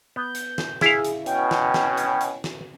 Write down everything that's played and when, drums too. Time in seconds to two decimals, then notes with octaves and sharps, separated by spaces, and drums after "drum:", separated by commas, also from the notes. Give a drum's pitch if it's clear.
0.16 B3 G6
0.35 drum: hi-hat
0.58 drum: snare
0.81 E4 G#4 F5, drum: snare
1.05 drum: hi-hat
1.26 B2 C#4 G5, drum: hi-hat
1.51 drum: snare
1.74 drum: snare
1.98 drum: hi-hat
2.21 drum: hi-hat
2.44 drum: snare